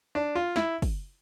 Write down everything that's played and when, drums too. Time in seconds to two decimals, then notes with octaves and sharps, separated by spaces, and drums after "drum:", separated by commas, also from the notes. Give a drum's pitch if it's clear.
0.15 D4
0.35 F4
0.56 E4, drum: snare
0.82 drum: kick, open hi-hat